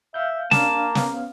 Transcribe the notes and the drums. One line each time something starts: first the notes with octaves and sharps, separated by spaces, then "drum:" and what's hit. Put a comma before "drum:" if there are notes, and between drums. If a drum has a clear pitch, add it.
E5 F5 G6
A#3 D4 F5 A5, drum: snare
B3 C#4 F5, drum: snare